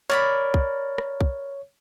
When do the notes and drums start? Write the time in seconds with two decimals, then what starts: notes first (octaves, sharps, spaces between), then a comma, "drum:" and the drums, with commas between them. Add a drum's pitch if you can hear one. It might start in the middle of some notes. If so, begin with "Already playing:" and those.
0.10 A#4 C#5 D5 B5
0.54 drum: kick
0.98 drum: rim click
1.21 drum: kick